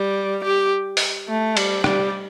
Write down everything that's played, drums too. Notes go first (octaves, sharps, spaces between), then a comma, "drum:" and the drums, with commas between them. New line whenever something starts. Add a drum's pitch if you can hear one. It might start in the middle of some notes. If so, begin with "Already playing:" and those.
Already playing: G3
G4
drum: open hi-hat
A3
G3, drum: cymbal
G3, drum: rim click